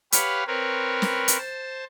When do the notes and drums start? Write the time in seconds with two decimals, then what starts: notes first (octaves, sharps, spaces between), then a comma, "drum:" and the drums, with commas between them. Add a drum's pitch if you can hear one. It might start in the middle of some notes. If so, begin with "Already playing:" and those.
0.12 G4 B4 C#5 F5 F#5, drum: hi-hat
0.47 C4 A#4 B4 C#5
1.02 drum: snare
1.28 drum: hi-hat
1.38 C5 A5